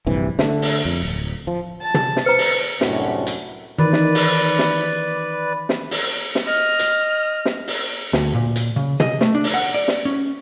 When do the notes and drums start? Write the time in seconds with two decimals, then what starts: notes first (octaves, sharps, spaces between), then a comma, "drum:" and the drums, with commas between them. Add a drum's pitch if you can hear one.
0.07 A#1 G2 C3 E3
0.39 D3 A3, drum: snare
0.62 drum: open hi-hat
0.85 F2
1.03 D1
1.47 F3
1.82 A5
1.94 drum: tom
2.16 drum: snare
2.26 B4 C5 A#5 C#7
2.38 drum: open hi-hat
2.81 C2 F#2 A2 C3 D4 F#4, drum: snare
3.27 drum: hi-hat
3.79 D#3 E3 B4 D5
3.93 drum: snare
4.15 drum: open hi-hat
4.59 drum: snare
5.69 drum: snare
5.91 drum: open hi-hat
6.35 drum: snare
6.47 D#5 F6
6.79 drum: hi-hat
7.45 drum: snare
7.68 drum: open hi-hat
8.13 D2, drum: snare
8.34 A#2
8.56 drum: hi-hat
8.76 C#3
9.00 D#5, drum: tom
9.21 A3, drum: snare
9.35 D4
9.44 drum: open hi-hat
9.54 F#5
9.74 D5
9.88 drum: snare
10.05 C#4